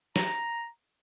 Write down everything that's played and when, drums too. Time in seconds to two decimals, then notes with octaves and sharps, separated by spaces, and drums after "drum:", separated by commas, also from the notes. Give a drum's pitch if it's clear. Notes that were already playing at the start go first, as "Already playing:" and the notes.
0.16 A#5, drum: snare